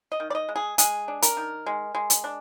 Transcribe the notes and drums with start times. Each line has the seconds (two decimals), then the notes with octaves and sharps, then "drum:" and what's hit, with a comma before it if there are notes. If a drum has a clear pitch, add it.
0.12 D#5
0.20 D#3
0.30 D5
0.35 D#5
0.49 G#3
0.56 G#4
0.78 G#3 G#4, drum: hi-hat
1.08 D4
1.22 A#4, drum: hi-hat
1.37 D#3
1.66 G#3
1.95 G#3
2.10 drum: hi-hat
2.24 D4